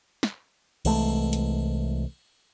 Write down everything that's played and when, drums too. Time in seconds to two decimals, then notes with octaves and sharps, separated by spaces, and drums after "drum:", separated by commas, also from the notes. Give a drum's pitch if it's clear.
0.23 drum: snare
0.85 C2 E3 G#3 A3, drum: cymbal
1.33 drum: hi-hat